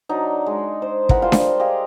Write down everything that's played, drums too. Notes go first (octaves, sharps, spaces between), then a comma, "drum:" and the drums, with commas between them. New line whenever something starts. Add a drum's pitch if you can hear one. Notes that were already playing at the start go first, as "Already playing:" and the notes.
F#3 D4 D#4
G#3
C5
E3 A#4 F#5 B5, drum: kick
G3 F4 C5
drum: snare D4
G4 G#4 D#5 F5